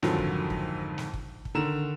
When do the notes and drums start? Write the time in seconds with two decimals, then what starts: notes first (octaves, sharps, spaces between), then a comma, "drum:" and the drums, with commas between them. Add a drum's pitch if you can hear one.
0.03 F2 G#2 D3 D#3 F3 F#3, drum: snare
0.18 drum: kick
0.50 drum: kick
0.98 drum: snare
1.14 drum: kick
1.45 drum: kick
1.55 D3 D#3 A#5 E7